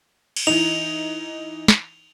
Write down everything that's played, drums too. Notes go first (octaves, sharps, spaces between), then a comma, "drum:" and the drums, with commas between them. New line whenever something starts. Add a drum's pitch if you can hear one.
drum: cymbal
E3 D#4 F7
drum: snare